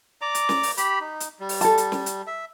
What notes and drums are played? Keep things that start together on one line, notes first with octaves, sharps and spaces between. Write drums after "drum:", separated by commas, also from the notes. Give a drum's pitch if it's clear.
D5 A#5 D6
drum: hi-hat
drum: snare
drum: open hi-hat
G4 B5, drum: hi-hat
D#4
drum: hi-hat
G3
drum: open hi-hat
A4 A5, drum: hi-hat
drum: hi-hat
drum: snare
drum: hi-hat
E5